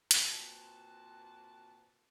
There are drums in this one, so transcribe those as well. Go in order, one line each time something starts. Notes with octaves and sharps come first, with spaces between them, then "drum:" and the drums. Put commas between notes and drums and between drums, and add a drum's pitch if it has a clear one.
A#2 C4 F#4 B4 A5, drum: hi-hat